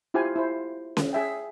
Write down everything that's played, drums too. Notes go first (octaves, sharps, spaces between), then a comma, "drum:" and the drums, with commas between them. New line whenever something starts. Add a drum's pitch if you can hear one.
E4 F4 G4 C5 F5 G#5
E4 C5
drum: snare C#4
G#4 E5 G5